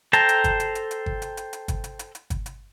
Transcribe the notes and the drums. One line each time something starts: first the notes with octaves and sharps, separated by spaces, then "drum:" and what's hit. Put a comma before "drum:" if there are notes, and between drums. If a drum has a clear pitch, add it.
A4 C5 G5 A5 A#5, drum: hi-hat
drum: hi-hat
drum: kick, hi-hat
drum: hi-hat
drum: hi-hat
drum: hi-hat
drum: kick
drum: hi-hat
drum: hi-hat
drum: hi-hat
drum: kick, hi-hat
drum: hi-hat
drum: hi-hat
drum: hi-hat
drum: kick, hi-hat
drum: hi-hat